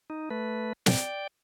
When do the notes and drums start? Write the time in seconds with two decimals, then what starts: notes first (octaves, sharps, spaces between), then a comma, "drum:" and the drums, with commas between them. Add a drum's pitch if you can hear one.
0.10 D#4
0.30 A3 B4
0.86 D5 G5, drum: snare